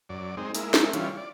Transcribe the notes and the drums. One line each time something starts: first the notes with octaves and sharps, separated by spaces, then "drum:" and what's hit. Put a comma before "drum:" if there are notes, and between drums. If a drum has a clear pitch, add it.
F#2 D5
G#3 C4 D#4
G#3 A#3 E4, drum: open hi-hat
drum: snare
E3 G3 C#4 F4, drum: hi-hat
D5